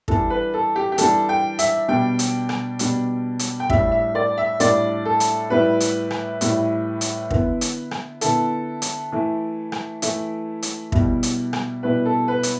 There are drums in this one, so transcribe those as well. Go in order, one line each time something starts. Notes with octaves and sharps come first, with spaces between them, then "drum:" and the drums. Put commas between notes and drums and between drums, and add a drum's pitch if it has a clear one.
E3 G3 D4 A4, drum: kick
B4
A4
G4
G4
E3 G3 D4 A4, drum: hi-hat
G5
E5, drum: hi-hat
B2 G3 D4 G5
drum: hi-hat
drum: rim click
B2 G3 D4, drum: hi-hat
drum: hi-hat
G5
A2 G3 D4 E5, drum: kick
E5
D5
E5
A2 G3 D4 D5, drum: hi-hat
A4
drum: hi-hat
A2 G3 E4 B4
drum: hi-hat
drum: rim click
A2 G3 E4, drum: hi-hat
drum: hi-hat
D3 B3 E4, drum: kick
drum: hi-hat
drum: rim click
D3 B3 E4 A4, drum: hi-hat
drum: hi-hat
E3 A3 E4
drum: rim click
E3 A3 E4, drum: hi-hat
drum: hi-hat
B2 G3 E4, drum: kick
drum: hi-hat
drum: rim click
B2 G3 E4 B4
A4
B4
drum: hi-hat